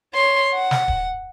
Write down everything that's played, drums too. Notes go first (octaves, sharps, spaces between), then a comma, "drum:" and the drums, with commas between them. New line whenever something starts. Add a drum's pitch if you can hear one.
C#5 C6
F#5
drum: snare
drum: kick D1